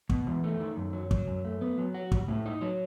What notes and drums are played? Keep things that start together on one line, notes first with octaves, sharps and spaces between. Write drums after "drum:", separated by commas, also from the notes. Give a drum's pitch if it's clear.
B2, drum: kick
E2
A3
D#3
F#2
F#3
F#3, drum: kick
F#2
A3
B3
F#3
F#4
G3, drum: kick
A2
D#4
F#3